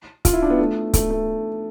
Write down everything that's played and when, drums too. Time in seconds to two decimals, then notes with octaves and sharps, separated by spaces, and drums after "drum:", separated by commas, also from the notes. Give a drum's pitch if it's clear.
0.25 F4, drum: kick C#1, hi-hat
0.33 E4
0.42 D4
0.50 B3
0.59 A3
0.93 A3, drum: kick C#1, hi-hat
1.10 A3